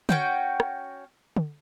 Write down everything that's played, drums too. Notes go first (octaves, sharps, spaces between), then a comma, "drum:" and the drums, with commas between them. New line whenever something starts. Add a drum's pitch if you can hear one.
C#4 F#4 G5, drum: tom
drum: rim click
drum: tom